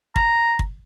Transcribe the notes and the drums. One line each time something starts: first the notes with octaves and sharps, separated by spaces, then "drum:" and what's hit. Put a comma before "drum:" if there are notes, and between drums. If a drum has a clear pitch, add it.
A#5, drum: kick
drum: kick